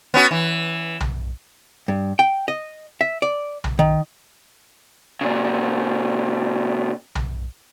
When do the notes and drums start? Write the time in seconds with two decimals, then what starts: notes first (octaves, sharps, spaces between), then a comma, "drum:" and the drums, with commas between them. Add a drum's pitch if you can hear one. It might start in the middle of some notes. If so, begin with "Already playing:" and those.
0.14 B3 C#4 F#4
0.31 E3
1.00 drum: tom B1
1.88 G2
2.19 G5
2.48 D#5
3.01 E5
3.22 D5
3.64 drum: tom B1
3.79 D#3
5.21 A#2 C#3
7.15 drum: tom B1